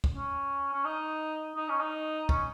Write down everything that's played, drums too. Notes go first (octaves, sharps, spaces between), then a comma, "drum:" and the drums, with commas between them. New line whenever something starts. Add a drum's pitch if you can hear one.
drum: kick
C#4
C#4
D#4
D#4
C#4
D#4
C#4, drum: kick